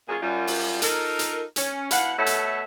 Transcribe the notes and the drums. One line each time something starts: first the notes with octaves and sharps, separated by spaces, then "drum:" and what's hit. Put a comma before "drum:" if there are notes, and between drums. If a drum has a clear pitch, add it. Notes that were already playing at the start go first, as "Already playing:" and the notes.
A#2 F#3 C#4 F4 G#4
F#2 G3 F4
drum: open hi-hat
D#4 F4 A4 A#4, drum: hi-hat
drum: hi-hat
C#4, drum: hi-hat
B2 E4 F5 F#5, drum: hi-hat
B2 A3 A4 C#5 E5 F#5
drum: hi-hat